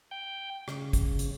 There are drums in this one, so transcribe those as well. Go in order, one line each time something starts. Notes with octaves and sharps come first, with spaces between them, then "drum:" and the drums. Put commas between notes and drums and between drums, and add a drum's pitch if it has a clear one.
G5
C#3, drum: rim click
drum: kick, hi-hat
drum: hi-hat